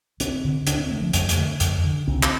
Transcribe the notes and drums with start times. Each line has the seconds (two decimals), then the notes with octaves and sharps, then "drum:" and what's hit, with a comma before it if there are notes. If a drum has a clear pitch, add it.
0.20 D2 C4, drum: hi-hat
0.44 D3
0.67 D2 D4, drum: hi-hat
0.79 C4
0.90 D3 A3
1.02 F3
1.13 F2 G3, drum: hi-hat
1.29 A3, drum: hi-hat
1.37 D3
1.60 F2, drum: hi-hat
1.84 D3
2.07 C2 C4
2.23 drum: clap